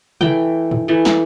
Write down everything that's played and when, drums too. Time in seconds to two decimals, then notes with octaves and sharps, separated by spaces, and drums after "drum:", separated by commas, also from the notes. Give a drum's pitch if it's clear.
0.21 E3 A3 G5, drum: tom C3
0.71 drum: tom G2
0.88 E3 A3
1.05 drum: snare